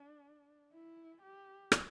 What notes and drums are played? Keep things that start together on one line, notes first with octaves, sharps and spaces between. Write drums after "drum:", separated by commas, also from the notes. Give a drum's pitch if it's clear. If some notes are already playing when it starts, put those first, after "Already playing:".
Already playing: D4
E4
G4
drum: rim click